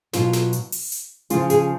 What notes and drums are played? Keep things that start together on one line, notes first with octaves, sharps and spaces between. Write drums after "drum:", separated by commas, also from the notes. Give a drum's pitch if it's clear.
B2 F#3 F4, drum: snare
drum: snare
drum: hi-hat
drum: open hi-hat
drum: hi-hat
C#3 F3 F4, drum: hi-hat
G#4, drum: hi-hat